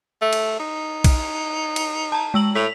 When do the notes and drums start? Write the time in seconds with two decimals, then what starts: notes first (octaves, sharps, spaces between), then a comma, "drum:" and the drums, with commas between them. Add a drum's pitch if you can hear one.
0.22 A3
0.33 drum: cymbal
0.59 D#4
1.04 drum: kick, cymbal
1.76 drum: cymbal
2.12 A5 A#5
2.34 G#3 E6 F#7
2.55 A2 B6 F7